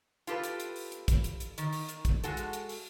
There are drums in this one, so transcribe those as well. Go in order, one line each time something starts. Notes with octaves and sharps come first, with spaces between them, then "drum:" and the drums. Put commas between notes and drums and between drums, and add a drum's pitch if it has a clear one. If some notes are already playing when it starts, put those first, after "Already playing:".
F4 G4 A4 B4, drum: hi-hat
drum: hi-hat
drum: hi-hat
drum: open hi-hat
drum: hi-hat
drum: kick, hi-hat
drum: hi-hat
drum: hi-hat
D#3, drum: hi-hat
drum: open hi-hat
drum: hi-hat
drum: kick, hi-hat
G#3 F#4 A4, drum: hi-hat
drum: hi-hat
drum: hi-hat
drum: open hi-hat